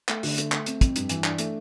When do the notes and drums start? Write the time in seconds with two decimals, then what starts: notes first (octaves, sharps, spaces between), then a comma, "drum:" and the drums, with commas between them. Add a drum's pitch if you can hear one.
0.09 A3, drum: clap
0.23 D3, drum: open hi-hat
0.38 A3, drum: hi-hat
0.52 A3, drum: clap
0.66 C4, drum: hi-hat
0.81 F2, drum: kick, hi-hat
0.96 G2, drum: hi-hat
1.09 E3, drum: hi-hat
1.24 D4, drum: clap
1.38 A3, drum: hi-hat